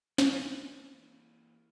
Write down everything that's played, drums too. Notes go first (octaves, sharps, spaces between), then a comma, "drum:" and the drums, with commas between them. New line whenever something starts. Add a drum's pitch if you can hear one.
E3 A#3 E4, drum: snare